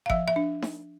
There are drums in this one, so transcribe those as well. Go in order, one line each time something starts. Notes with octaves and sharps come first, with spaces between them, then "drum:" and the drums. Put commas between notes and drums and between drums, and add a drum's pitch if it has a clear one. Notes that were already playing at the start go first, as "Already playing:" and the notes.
F5
F3 E5, drum: kick G1
E5
D4
drum: snare D#4